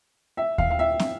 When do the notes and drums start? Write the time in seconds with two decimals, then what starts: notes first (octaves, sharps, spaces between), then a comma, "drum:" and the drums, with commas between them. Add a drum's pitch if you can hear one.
0.37 E5
0.58 F5, drum: kick D#2
0.71 F5
0.79 E5
0.99 drum: snare